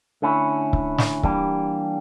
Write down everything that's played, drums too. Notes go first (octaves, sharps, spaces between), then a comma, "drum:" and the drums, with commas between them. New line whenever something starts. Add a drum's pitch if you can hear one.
D3 A3 C#4 E4
drum: kick C#1
drum: snare
E3 G3 A#3 D4 G4, drum: kick C#1